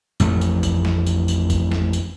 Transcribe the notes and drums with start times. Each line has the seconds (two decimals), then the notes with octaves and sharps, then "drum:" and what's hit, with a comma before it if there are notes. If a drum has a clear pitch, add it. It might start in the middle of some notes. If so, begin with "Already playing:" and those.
0.20 A1 F2 A3, drum: tambourine
0.41 drum: tambourine
0.63 drum: kick, tambourine
0.85 drum: snare
1.06 drum: tambourine
1.28 drum: tambourine
1.50 drum: kick, tambourine
1.72 drum: snare
1.93 drum: tambourine